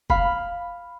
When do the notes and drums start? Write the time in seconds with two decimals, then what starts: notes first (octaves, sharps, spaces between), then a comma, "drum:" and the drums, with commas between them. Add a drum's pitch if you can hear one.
0.10 F5 B5, drum: kick